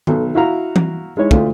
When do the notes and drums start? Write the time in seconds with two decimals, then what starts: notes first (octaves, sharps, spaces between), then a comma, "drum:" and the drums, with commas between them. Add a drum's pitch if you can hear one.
0.07 B1 A4, drum: tom D#3
0.35 E4 F#4 F5 A#5
0.76 drum: tom E3
1.17 G#3 D#4 E4 C#5
1.31 D2 A3 F4, drum: kick